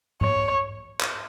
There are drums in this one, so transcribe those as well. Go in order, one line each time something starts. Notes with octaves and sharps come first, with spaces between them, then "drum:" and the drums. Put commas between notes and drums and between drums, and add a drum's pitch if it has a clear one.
C#5, drum: tom G#2
drum: clap